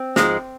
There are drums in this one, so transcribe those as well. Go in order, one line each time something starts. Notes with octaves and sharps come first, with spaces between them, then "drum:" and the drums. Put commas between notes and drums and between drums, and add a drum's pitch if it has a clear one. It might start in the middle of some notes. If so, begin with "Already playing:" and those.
Already playing: C4
G#2 F3 G#3, drum: snare